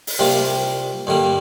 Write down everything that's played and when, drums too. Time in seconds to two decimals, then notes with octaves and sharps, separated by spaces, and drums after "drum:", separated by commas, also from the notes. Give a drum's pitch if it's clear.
0.07 drum: open hi-hat
0.19 C2 C3 G3 A#3 F4
1.07 G2 D3 G3 A#3